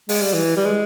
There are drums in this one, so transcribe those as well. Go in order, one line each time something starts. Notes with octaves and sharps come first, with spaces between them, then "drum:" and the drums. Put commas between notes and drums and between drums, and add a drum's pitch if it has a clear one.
G#3, drum: open hi-hat
G3
E3
G3
G#3